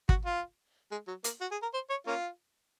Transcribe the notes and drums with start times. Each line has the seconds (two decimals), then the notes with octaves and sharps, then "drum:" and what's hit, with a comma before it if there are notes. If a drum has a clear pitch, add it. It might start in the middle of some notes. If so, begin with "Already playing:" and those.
0.09 F#4, drum: kick
0.25 F4
0.91 G#3
1.08 F#3
1.24 A#3, drum: hi-hat
1.41 F#4
1.52 G#4
1.62 A#4
1.74 C5
1.90 C#5
2.07 A#3 C#4 F4